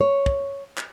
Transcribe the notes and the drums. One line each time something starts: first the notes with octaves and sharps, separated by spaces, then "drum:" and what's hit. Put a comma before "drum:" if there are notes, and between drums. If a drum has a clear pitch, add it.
C#5
drum: kick
drum: clap